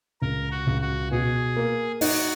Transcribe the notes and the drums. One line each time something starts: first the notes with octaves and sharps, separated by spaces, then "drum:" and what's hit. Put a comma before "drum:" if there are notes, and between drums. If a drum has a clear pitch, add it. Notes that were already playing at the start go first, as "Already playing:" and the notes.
C#2 A#4
F#4
C#2
F#4
B2 G#4
A#3
D#4 F#4, drum: open hi-hat